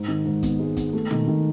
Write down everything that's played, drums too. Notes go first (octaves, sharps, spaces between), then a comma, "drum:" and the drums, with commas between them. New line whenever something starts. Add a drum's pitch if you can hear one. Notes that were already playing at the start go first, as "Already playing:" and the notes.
Already playing: G#2
D#3
G#2
B3, drum: kick, hi-hat
G#3
B3, drum: kick, hi-hat
A3
D#3, drum: tom
D#3